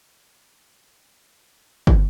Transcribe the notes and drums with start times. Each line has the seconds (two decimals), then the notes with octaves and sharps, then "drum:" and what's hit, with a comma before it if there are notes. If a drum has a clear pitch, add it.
0.60 A#2 E3 G#3
1.06 D2 B2 A#5
1.87 drum: kick